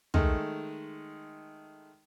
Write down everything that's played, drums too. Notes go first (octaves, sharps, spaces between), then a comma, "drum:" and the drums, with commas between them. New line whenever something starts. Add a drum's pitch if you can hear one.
D#3 G#3 A3, drum: tom